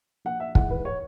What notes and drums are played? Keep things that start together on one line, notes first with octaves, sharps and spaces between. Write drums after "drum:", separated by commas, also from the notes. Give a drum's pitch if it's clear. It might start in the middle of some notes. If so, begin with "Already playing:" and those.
A#1 F#5
E5
G#2 E3 F#5, drum: kick
B4
C#5